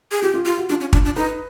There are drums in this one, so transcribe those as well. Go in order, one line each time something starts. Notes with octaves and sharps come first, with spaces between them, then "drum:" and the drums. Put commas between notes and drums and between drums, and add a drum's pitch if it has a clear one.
G#4
F4 G4
F4
F4 G4
F#4
D4 F4
C#4
D4, drum: kick
D4
D#4 B4